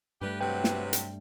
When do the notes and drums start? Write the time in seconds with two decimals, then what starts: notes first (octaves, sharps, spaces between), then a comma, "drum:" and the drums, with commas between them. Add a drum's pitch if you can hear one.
0.21 G2 G3 A3 G4 B4
0.41 C3 F#3 B4 G5
0.64 drum: snare
0.93 drum: hi-hat